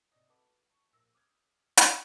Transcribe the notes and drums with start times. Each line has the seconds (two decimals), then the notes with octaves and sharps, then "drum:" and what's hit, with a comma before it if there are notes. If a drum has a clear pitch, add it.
0.12 C3 D5 D#5
0.29 F#4 A4 B4 D6
0.70 A5 C#6
0.92 A#1 A#3 E6 A#6
1.15 D6 D#6 F6 G6 G#6
1.77 drum: hi-hat